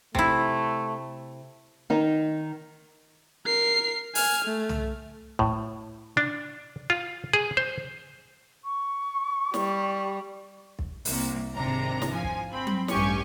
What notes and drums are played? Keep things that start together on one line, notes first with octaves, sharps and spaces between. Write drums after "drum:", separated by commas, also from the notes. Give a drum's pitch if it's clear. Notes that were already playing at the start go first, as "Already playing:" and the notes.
C3 A3 E4, drum: kick
D#3 D#4
A#4 C7
G#5 F6, drum: open hi-hat
A3
drum: tom
A2, drum: kick
D4
F4
G#4
C5
C#6
G3, drum: snare
drum: kick
C2 A#3, drum: open hi-hat
G#1 C3 D4 A#5
drum: snare
F3 G#5
drum: kick
C4 B5
drum: tom F#3
A1 G2 C#4 G4 G#5 C#6, drum: snare